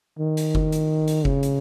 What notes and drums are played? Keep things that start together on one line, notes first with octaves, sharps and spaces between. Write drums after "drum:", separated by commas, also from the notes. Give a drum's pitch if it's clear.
D#3
drum: hi-hat
drum: kick F#1
drum: hi-hat
drum: hi-hat
C#3, drum: kick F#1
drum: hi-hat